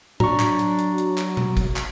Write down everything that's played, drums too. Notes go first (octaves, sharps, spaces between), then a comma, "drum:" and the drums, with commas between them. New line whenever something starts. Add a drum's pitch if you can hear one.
F#3 D4 A#5 C#6, drum: tom A2
drum: clap
drum: hi-hat
drum: hi-hat
drum: hi-hat
drum: clap
drum: tom B2
drum: kick, hi-hat
drum: clap